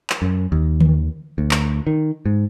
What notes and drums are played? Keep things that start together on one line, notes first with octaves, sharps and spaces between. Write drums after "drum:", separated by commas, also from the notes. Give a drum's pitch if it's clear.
drum: clap
F#2
D#2
drum: tom D3
D2
drum: clap
D#3
G#2